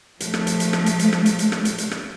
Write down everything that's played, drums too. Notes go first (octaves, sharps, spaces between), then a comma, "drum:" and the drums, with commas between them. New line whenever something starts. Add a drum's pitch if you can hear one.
F3 A3, drum: hi-hat
drum: rim click
drum: hi-hat
drum: hi-hat
drum: rim click
drum: hi-hat
drum: hi-hat
drum: rim click
drum: hi-hat
drum: hi-hat
drum: rim click
drum: hi-hat
drum: hi-hat
drum: rim click